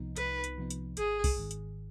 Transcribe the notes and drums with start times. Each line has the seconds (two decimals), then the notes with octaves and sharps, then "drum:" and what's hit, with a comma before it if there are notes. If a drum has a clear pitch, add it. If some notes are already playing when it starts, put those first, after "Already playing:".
Already playing: C2 C3 F3 B3 D#4
0.16 C2 B4, drum: hi-hat
0.44 drum: hi-hat
0.58 C3 F3 B3 D#4
0.70 drum: hi-hat
0.97 G#1 G#4, drum: hi-hat
1.24 drum: kick C2, open hi-hat
1.37 G#2 D#3
1.51 drum: hi-hat